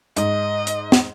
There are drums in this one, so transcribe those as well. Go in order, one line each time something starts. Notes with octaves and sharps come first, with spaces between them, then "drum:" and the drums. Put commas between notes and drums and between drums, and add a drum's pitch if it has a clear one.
G#2 D#5, drum: hi-hat
drum: hi-hat
drum: snare